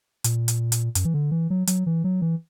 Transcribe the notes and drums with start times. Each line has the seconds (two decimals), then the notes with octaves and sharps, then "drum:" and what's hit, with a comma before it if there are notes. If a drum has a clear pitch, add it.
0.24 A#2, drum: hi-hat
0.48 drum: hi-hat
0.72 drum: hi-hat
0.95 F#2, drum: hi-hat
1.05 E3
1.14 D3
1.31 E3
1.50 F#3
1.67 F#3, drum: hi-hat
1.86 E3
2.04 F#3
2.22 E3